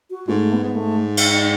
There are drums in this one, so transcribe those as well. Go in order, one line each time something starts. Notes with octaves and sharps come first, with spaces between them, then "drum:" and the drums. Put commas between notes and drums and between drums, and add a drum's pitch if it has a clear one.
F#4
G#2 A3
B3
G#2
A3
drum: cymbal